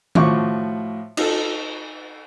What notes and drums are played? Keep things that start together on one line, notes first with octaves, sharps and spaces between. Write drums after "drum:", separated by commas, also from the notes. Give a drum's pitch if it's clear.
A2 F3 F#4 C#6 D6, drum: tom D#3
D#4 A4, drum: cymbal